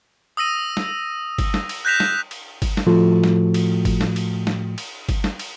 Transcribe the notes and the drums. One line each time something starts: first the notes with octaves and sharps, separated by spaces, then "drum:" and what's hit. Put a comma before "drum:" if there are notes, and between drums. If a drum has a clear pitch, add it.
D#6 E6 A#6 D#7
drum: snare
drum: kick G1, cymbal
drum: snare
drum: cymbal
F#6 G6 A#6 B6 E7 F7
drum: snare
drum: cymbal
drum: kick G1, cymbal
drum: snare
A2 F3 F4 F#4 A4
drum: snare
drum: cymbal
drum: kick G1, cymbal
drum: snare
drum: cymbal
drum: snare
drum: cymbal
drum: kick G1, cymbal
drum: snare
drum: cymbal